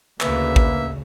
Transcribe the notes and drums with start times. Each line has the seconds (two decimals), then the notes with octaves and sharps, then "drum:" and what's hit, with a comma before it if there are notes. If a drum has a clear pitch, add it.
0.21 D2 C#3 A#3 B4 E5, drum: clap
0.56 drum: kick A1